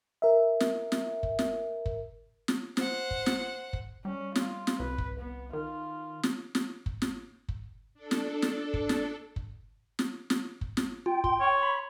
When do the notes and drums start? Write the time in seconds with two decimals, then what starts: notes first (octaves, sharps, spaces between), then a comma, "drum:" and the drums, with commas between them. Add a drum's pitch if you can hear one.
0.22 A#4 E5
0.60 drum: snare
0.92 drum: snare
1.23 drum: kick
1.39 drum: snare
1.86 drum: kick
2.48 drum: snare
2.77 C5 F#5, drum: snare
3.11 drum: kick
3.26 drum: snare
3.73 drum: kick
4.05 G3 C#4
4.35 F4, drum: snare
4.67 drum: snare
4.80 C2 B4
4.98 drum: kick
5.20 B3
5.53 D#3 F4
6.23 drum: snare
6.55 drum: snare
6.86 drum: kick
7.02 drum: snare
7.49 drum: kick
7.94 D4 A4
8.11 drum: snare
8.42 drum: snare
8.74 drum: kick
8.89 drum: snare
9.36 drum: kick
9.99 drum: snare
10.30 drum: snare
10.61 drum: kick
10.77 drum: snare
11.06 F4 G5
11.24 C6, drum: kick
11.41 C#5
11.63 B5